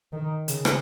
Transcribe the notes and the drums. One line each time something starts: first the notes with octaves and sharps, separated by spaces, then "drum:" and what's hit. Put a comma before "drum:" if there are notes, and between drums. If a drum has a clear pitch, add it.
D#3
C#3, drum: hi-hat
drum: rim click